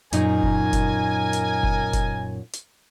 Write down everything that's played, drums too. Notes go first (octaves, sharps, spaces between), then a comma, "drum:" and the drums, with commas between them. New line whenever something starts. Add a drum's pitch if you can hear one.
F#2 A#2 D#4 A#4 D#5 G#5, drum: hi-hat
drum: kick
drum: kick, hi-hat
drum: hi-hat
drum: kick
drum: kick, hi-hat
drum: hi-hat